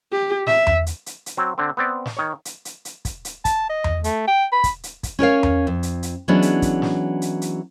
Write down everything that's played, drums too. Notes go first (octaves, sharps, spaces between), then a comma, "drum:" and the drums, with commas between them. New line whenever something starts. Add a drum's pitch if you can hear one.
G4
E5, drum: snare
drum: tom E2
drum: hi-hat
drum: hi-hat
drum: hi-hat
F#3 C4
D3 C4
B3 C4 D5
drum: snare
D#3 C#5
drum: hi-hat
drum: hi-hat
drum: hi-hat
drum: kick, hi-hat
drum: hi-hat
A5, drum: kick, hi-hat
D#5
drum: tom E2
A3, drum: hi-hat
G5
B5
drum: kick, hi-hat
drum: hi-hat
drum: kick, hi-hat
C#4 A#4 C#5 F5
drum: tom E2
F2
drum: hi-hat
drum: hi-hat
E3 F#3 G#3 B3 C#4 D4
drum: hi-hat
drum: kick, hi-hat
drum: snare
drum: hi-hat
drum: hi-hat